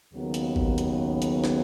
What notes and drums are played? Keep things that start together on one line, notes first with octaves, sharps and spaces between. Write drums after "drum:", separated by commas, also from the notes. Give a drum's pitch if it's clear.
D#2 C#3 F#3 B3
drum: hi-hat
drum: kick A1
drum: hi-hat
drum: hi-hat
drum: snare